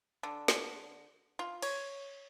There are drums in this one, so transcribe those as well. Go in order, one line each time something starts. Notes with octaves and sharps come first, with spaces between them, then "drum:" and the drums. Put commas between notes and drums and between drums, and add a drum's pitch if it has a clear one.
D3
drum: snare
F4
C#5, drum: cymbal